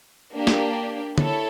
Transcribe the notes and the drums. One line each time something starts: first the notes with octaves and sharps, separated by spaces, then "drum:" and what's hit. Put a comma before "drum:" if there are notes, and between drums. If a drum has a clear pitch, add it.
A#3 D4 G4
drum: snare
E4 A4 C#5, drum: tom D3